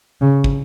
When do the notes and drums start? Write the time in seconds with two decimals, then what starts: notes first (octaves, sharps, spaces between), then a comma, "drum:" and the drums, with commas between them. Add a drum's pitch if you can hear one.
0.21 C#3
0.44 drum: kick